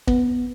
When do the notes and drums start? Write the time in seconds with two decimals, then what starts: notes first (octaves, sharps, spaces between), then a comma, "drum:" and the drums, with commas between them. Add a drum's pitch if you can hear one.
0.08 B3, drum: kick